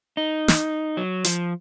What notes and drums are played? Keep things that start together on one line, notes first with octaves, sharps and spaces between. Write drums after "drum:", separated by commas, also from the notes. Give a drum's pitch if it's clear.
D#4
drum: snare
F#3
F3, drum: hi-hat